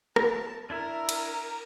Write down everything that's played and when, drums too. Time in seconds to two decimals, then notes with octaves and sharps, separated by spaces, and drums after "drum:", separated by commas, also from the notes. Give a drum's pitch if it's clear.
0.16 A5, drum: rim click
0.70 D4 E4 A#4 E5
1.09 drum: cymbal